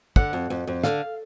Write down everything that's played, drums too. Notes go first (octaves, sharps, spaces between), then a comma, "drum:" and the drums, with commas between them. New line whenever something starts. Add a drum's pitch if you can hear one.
D3 F#5, drum: kick
F2
F2
F2
D3 F5, drum: snare